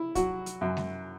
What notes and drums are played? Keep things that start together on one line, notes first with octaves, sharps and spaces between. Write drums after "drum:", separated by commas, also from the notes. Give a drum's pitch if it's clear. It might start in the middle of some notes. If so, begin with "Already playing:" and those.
Already playing: E4
F#3 F#4, drum: kick, hi-hat
drum: hi-hat
F#2
drum: snare G#3